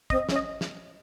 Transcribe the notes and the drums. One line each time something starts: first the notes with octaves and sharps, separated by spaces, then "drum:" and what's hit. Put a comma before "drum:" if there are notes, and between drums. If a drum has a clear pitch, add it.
C4 D#5, drum: kick
C#4, drum: snare
D#5
drum: snare